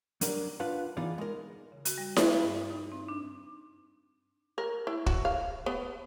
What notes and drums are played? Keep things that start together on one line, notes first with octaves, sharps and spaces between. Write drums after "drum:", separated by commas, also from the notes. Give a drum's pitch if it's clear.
F#3 G3 D4 A#4, drum: hi-hat
D4 F4 B4 F5 F#5
E3 B3 D#4 F4 G#4 D5
G#3 A#4
C#3
F#4, drum: hi-hat
G3
B4, drum: snare E4
G2
D#4
C4
D4
A#4
E4
F#4, drum: kick
F5
B3